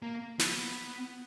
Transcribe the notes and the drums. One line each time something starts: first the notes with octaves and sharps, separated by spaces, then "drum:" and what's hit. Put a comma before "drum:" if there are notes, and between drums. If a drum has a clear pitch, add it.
A#3
B3, drum: snare